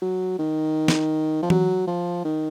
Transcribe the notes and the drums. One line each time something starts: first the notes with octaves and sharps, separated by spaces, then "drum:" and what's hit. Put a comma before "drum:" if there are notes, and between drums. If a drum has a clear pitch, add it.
F#3
D#3
drum: snare
F3
F#3, drum: tom E3
F3
D#3